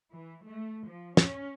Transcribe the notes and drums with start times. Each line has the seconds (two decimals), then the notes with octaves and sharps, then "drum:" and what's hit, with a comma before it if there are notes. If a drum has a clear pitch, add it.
0.13 E3
0.46 A3
0.87 F3
1.17 C#4, drum: snare